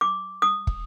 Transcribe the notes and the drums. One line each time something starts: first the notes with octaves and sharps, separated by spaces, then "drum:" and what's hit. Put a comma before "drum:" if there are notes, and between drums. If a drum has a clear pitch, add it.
D6
D#6
drum: kick